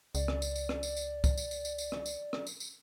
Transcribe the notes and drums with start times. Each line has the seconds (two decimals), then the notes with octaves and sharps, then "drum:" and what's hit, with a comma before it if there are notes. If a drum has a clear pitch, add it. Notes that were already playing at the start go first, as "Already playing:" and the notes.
0.15 C#2 D5, drum: tambourine
0.28 drum: rim click
0.42 drum: tambourine
0.56 drum: tambourine
0.69 drum: rim click
0.83 drum: tambourine
0.97 drum: tambourine
1.24 drum: kick C#2, tambourine
1.37 drum: tambourine
1.51 drum: tambourine
1.65 drum: tambourine
1.78 drum: tambourine
1.92 drum: rim click
2.06 drum: tambourine
2.33 drum: rim click
2.47 drum: tambourine
2.60 drum: tambourine